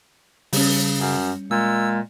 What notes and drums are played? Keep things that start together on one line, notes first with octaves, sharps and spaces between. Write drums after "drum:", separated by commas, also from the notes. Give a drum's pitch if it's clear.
C#3 G3 C#4, drum: open hi-hat
F#2
A#2 G#3 E6